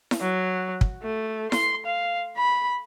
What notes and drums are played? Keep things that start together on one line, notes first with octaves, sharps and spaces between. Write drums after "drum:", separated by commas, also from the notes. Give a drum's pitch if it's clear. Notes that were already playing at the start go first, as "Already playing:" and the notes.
drum: snare E4
F#3
drum: kick
A3
C6, drum: snare E4
F5
B5